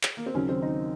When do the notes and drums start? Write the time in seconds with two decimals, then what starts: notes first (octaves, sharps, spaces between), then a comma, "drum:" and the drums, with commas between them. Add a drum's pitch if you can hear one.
0.03 drum: clap
0.17 A#3
0.26 C4
0.34 D#2 C#3 F#3 C#4
0.49 C4
0.62 D#4